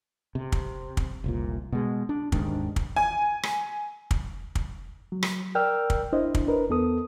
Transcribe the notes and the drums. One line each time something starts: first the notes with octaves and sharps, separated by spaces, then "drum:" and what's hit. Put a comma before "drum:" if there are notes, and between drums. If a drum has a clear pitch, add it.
C3
drum: kick
drum: kick
F1 C2 A#2
B2 G#3
D4
D#2 G#2 D#3 D4, drum: kick
drum: kick
G#5
drum: rim click
drum: kick
drum: kick
F#3
drum: rim click
A#4 D5 G5 E6 F6
drum: kick
D4 E4 C5 D#5
drum: kick
D4 A#4 B4
E2 B3 A4 D#6